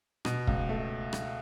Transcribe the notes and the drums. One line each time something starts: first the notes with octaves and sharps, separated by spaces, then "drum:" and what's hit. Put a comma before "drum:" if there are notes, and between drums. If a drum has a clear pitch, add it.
B2, drum: rim click
C#2, drum: kick
A3
drum: rim click